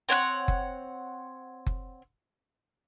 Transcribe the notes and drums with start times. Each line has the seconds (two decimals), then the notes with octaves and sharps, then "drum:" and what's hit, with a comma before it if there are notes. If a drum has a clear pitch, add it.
0.09 C4 C#5 F#5 F#6
0.48 drum: kick F#1
1.66 drum: kick F#1